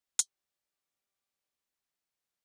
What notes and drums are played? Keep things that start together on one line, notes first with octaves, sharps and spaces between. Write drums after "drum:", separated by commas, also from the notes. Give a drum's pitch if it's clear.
G4 D5, drum: hi-hat